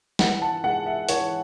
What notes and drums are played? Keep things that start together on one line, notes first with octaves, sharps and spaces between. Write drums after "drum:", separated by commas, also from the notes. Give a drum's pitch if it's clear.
E3 F#5, drum: snare
A5
G#3 F#5
E5
E3 C#5, drum: hi-hat